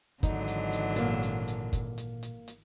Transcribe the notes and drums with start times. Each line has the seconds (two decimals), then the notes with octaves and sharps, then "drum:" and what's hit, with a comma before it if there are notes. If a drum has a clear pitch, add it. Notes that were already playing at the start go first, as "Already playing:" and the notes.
0.23 G#1 D3 E3 F#3 D#4, drum: kick, hi-hat
0.48 drum: hi-hat
0.73 drum: hi-hat
0.96 A#2 A#3 A5, drum: hi-hat
1.23 drum: hi-hat
1.48 drum: hi-hat
1.73 drum: kick, hi-hat
1.98 drum: hi-hat
2.23 drum: hi-hat
2.48 drum: hi-hat